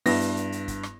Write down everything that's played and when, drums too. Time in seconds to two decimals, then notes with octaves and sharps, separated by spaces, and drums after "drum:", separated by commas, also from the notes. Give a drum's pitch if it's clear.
0.06 G2 B3 E4 A#6, drum: open hi-hat
0.21 drum: hi-hat
0.37 drum: hi-hat
0.52 drum: hi-hat
0.68 drum: kick, hi-hat
0.83 drum: rim click